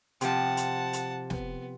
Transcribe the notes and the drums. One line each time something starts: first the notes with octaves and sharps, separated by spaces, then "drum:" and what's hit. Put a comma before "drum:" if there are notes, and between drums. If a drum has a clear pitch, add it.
C3 F3 F#5 A5, drum: hi-hat
drum: hi-hat
drum: hi-hat
B3, drum: snare